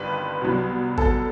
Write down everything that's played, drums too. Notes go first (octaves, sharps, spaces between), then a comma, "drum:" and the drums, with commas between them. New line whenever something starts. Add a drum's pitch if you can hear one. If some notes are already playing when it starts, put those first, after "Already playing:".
Already playing: G1 G2 D#3 C4 B4
C2 B2 F#3 B3
A4, drum: kick